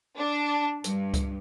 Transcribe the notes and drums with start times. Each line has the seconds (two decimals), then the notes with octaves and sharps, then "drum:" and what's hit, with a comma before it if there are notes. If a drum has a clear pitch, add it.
0.17 D4
0.84 G2, drum: hi-hat
1.14 drum: kick C#2, hi-hat